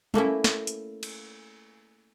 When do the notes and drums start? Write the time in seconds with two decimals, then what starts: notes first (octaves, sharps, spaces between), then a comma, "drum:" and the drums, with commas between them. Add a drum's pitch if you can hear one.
0.14 A3 A#3 C#4 E4, drum: tom
0.44 drum: snare
0.67 drum: hi-hat
1.03 drum: cymbal